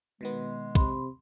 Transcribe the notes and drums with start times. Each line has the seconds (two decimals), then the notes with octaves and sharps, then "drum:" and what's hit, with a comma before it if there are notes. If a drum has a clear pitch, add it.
0.21 B2 D#3 G#3 B3
0.75 C3 B5 C6, drum: kick